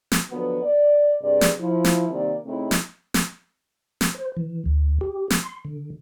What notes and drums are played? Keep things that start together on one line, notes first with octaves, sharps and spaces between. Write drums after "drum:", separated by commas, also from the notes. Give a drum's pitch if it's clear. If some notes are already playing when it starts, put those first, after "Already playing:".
drum: snare
D3 F3 F#3 B3
D5
G2 C3 G#4 D5
drum: snare
F3 E4
drum: snare
C3 D#3 G3 A#3 C4 D5
C#3 A3 C4 D#4 E4
drum: snare
drum: snare
drum: snare
C5
E3
D2
G4
drum: snare
C6
D3